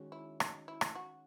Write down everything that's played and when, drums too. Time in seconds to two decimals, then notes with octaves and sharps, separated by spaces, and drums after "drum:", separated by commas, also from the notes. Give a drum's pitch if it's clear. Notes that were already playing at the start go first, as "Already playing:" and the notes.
Already playing: D#3 G#3 C#4 F#4
0.12 E4
0.40 D#4, drum: rim click
0.68 E4
0.81 drum: rim click
0.95 F#4